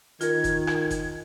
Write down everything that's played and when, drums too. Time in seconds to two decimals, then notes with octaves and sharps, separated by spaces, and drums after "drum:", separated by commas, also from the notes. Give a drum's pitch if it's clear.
0.21 D#3 F4 A#4 G#6, drum: hi-hat
0.44 drum: kick F1, hi-hat
0.67 drum: rim click
0.91 drum: kick F1, hi-hat